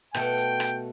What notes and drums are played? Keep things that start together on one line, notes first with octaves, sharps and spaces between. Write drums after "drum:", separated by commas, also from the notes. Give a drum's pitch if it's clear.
B2 A3 G5, drum: rim click
drum: hi-hat
drum: rim click